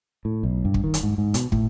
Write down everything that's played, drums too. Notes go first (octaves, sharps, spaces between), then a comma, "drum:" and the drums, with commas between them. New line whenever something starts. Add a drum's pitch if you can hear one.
A2
B1
G2
drum: kick
D#3
drum: hi-hat
G#2
G#2
B2, drum: hi-hat
A2, drum: kick